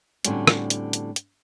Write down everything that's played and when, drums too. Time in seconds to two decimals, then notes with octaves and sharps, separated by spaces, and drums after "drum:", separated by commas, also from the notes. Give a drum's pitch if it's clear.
0.25 A2 D3 G3 C4 C#4 F#4, drum: hi-hat
0.47 drum: rim click
0.70 drum: hi-hat
0.93 drum: hi-hat
1.16 drum: hi-hat